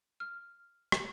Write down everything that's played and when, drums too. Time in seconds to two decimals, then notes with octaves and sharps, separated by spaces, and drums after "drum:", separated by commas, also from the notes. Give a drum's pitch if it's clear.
0.20 F6
0.92 drum: rim click